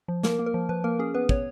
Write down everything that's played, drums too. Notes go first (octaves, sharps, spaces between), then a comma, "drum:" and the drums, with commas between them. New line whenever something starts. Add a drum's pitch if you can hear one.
F3
A#3 A#4, drum: snare
A#3
A#4
F3
F3 B4
A#3 A#4
C#4 G#4
B3 B4
B3 C#5, drum: kick